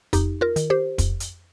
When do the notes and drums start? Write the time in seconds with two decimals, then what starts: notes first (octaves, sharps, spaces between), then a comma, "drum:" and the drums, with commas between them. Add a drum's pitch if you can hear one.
0.13 F2 D#4 G4, drum: kick, hi-hat
0.41 F4 A#4
0.56 D#3, drum: hi-hat
0.70 G4 C5
0.98 F2, drum: kick, hi-hat
1.20 drum: hi-hat